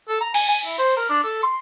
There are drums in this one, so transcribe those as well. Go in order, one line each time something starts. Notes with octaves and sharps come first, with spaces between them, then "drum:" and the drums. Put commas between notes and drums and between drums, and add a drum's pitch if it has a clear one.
A4
A#5
G#5, drum: cymbal
G#5
E4
C5
A#4
D4
A4
C6